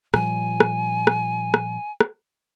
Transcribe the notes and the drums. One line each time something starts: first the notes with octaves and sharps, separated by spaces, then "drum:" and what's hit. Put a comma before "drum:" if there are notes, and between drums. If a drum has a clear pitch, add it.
A#2 F3 G3 G#5, drum: rim click
drum: rim click
drum: rim click
drum: rim click
drum: rim click